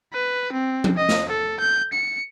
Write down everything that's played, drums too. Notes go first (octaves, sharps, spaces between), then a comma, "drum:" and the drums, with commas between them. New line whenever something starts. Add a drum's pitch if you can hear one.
B4
C4
drum: tom F3
D#5
drum: snare
A4
G6
C#7